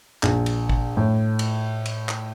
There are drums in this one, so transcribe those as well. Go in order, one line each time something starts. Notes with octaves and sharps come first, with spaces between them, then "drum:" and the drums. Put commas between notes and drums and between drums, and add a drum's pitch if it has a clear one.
A#1, drum: clap
drum: cymbal
drum: kick
A2
drum: cymbal
drum: cymbal
drum: clap